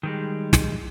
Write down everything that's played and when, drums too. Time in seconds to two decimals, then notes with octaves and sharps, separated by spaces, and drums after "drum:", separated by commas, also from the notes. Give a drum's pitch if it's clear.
0.03 D#3 G3 G#3
0.53 drum: snare